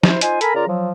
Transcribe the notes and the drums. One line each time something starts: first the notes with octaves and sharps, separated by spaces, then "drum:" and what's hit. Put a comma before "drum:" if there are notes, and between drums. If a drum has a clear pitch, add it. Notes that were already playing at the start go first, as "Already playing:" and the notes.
E4 C5, drum: snare F3
D#4 F4 C5 G#5, drum: hi-hat
A4 A#4 G#5 A#5 B5, drum: hi-hat
C#3 F4 A#4 D5 A#5
F3 F#3